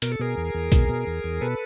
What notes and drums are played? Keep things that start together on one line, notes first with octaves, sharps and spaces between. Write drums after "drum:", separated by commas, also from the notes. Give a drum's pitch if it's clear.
B2 A#4, drum: hi-hat
A4
B2 G#4 A#4
E2
E2
B2, drum: kick, hi-hat
B2
E2
E2
B2 A4 B4